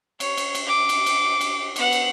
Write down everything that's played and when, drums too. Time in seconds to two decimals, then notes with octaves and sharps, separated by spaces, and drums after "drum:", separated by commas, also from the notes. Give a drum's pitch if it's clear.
0.20 C#5, drum: cymbal
0.37 drum: cymbal
0.55 drum: cymbal
0.67 D6
0.89 drum: cymbal
1.06 drum: cymbal
1.41 drum: cymbal
1.76 B3 F#5, drum: cymbal
1.92 drum: cymbal